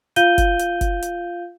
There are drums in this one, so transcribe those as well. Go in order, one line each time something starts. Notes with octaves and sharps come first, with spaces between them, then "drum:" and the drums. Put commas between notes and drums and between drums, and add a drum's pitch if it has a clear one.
F4 F5 G6 D#7 G7, drum: hi-hat
drum: kick, hi-hat
drum: hi-hat
drum: kick, hi-hat
drum: hi-hat